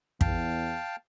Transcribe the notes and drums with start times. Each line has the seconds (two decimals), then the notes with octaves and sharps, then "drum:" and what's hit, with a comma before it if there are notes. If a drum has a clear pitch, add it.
0.21 E2 F5 G5 A5, drum: kick